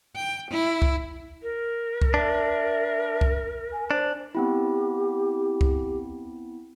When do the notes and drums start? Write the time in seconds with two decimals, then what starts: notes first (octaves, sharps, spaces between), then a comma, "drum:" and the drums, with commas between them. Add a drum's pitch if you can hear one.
0.16 G5
0.51 E4
0.82 drum: kick C2
1.42 A#4
2.02 drum: kick C2
2.14 D4 E5
3.21 drum: kick C2
3.73 G#5
3.91 D4 C5
4.35 B3 C4 E4 G4
5.61 drum: kick C2